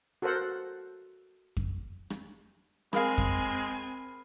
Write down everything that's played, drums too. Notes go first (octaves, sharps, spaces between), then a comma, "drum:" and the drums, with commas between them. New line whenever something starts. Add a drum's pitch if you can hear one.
F#4 A4 A#4 C5 F#5
drum: kick F2
drum: rim click
G#3 C4 G#4 A#4 F5 G#5 B5 C7, drum: rim click
drum: kick F2